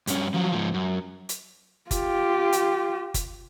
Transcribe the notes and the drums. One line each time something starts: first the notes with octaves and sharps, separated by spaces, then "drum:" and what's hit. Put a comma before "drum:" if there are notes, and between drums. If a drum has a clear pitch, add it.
G2 C#4, drum: hi-hat
F3 F#3
G#2 F3
F#2
drum: hi-hat
F4 G4, drum: kick F#1, hi-hat
drum: hi-hat
drum: kick F#1, hi-hat